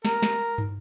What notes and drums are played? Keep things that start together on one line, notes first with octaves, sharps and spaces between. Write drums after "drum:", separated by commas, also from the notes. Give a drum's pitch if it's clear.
A#4, drum: snare
drum: snare
drum: tom